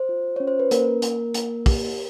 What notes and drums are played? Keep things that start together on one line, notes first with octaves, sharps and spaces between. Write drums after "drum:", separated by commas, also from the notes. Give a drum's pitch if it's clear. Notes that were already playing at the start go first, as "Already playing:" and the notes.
Already playing: C5
F4
C#4 C#5
C5
B4
A#3 A#4, drum: hi-hat
A#3, drum: hi-hat
A#3, drum: hi-hat
G4, drum: kick, open hi-hat